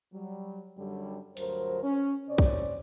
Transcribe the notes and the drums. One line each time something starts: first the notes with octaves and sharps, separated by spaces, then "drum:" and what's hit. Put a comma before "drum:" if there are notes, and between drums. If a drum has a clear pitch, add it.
F#3 G3
F#2 D3 F#3 G3
D2 G2 F#3 A#4 C5, drum: open hi-hat
C#4
C3 C4 C#4 C#5 D5
drum: kick